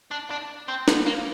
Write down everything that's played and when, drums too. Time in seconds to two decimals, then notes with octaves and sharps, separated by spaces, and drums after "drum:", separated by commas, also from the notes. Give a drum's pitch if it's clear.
0.11 D4
0.30 D4
0.68 C4
0.88 B3, drum: snare
1.06 A#3